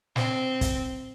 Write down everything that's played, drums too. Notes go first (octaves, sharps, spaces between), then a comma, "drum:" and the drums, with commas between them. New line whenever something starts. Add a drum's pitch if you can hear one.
C4, drum: snare
drum: kick, hi-hat